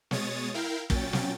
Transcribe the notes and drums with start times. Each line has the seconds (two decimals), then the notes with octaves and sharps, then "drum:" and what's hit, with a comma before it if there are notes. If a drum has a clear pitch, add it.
0.11 B2 G#3 C#5 D#6 A6, drum: snare
0.54 E4 A#4 F5 G5
0.90 A#2 F#3 C#4 G5 A6, drum: kick
1.13 drum: snare